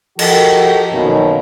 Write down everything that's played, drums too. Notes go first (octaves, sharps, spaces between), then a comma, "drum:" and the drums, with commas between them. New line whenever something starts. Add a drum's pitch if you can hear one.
F3 F#4 G4 A4 A#4 D#5, drum: cymbal
B1 F#2 B2 D#3 F3 A#3